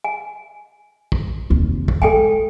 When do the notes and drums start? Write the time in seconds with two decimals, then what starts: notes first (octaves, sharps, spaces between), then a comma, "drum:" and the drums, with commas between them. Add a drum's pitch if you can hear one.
0.04 G#5
1.12 drum: kick
1.50 F1 D#2
1.88 drum: kick
2.02 G#3 A4 G5 G#5